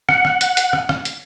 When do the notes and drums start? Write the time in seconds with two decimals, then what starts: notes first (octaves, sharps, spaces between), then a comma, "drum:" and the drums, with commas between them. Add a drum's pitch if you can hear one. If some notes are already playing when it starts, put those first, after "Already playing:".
0.09 F#5, drum: rim click
0.25 drum: rim click
0.41 drum: hi-hat
0.57 drum: hi-hat
0.73 drum: rim click
0.89 drum: rim click
1.05 drum: hi-hat